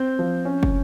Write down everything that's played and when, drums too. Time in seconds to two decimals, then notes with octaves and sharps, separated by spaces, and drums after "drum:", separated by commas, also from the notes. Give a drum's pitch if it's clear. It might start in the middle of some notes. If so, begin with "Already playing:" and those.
Already playing: C4 G6
0.19 F3
0.45 C#4
0.63 drum: kick